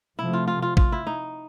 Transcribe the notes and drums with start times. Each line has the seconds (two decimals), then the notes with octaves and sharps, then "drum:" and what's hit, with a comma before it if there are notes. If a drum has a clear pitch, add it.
0.18 C3 F3 A3 E4
0.33 F4
0.48 F4
0.62 F4
0.77 F4, drum: kick
0.92 E4
1.07 D#4